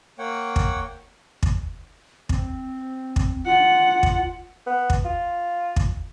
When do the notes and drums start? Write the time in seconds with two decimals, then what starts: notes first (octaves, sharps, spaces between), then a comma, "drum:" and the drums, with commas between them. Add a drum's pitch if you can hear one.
0.19 A#3 C#5 F#5 G5
0.56 drum: kick
1.43 drum: kick
2.29 C4, drum: kick
3.16 drum: kick
3.46 F4 F#5
4.03 drum: kick
4.67 B3
4.90 drum: kick
5.05 F4
5.76 drum: kick